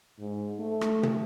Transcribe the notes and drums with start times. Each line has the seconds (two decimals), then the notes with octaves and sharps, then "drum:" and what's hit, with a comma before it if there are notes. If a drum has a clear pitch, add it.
0.19 G#2
0.59 A3
0.81 drum: rim click
1.03 drum: tom